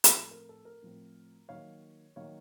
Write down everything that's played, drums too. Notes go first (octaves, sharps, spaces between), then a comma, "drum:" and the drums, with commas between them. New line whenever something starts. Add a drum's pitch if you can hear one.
drum: hi-hat
A2 F3 C4 A4
A#4
A4
A#4
A2 F3 C4
D#3 F#3 A#3 C#5 F5
D#3 F#3 A#3 C#5 F5